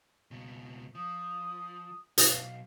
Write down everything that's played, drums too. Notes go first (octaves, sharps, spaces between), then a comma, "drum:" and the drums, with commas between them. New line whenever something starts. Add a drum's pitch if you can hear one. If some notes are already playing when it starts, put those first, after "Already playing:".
C#2 B2
F3 D#6
B1 F5, drum: hi-hat